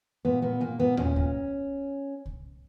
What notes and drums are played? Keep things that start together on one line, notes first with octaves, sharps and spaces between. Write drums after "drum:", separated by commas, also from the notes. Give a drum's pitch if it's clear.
A#2 B3
A#2 B3
A#2 A#3
A#2 B3
A#2 C#4, drum: tom D#2
A#2, drum: kick C2
drum: kick C2